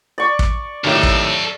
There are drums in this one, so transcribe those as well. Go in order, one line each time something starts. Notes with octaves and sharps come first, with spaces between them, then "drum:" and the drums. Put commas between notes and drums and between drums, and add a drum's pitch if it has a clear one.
D5 C#6
drum: kick
D#2 A2 A4 F5
drum: kick